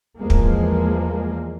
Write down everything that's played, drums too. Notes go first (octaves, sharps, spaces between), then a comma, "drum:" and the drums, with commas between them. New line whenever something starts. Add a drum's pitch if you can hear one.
E2 F3 G#3 A#3
drum: kick